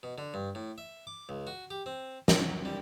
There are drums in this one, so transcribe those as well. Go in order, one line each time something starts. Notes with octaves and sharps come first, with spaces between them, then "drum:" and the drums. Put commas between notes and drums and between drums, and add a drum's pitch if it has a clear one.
B2
D3
G2
A2
E5
D6
C#2
F#4
G4
C4
F#3, drum: snare
G3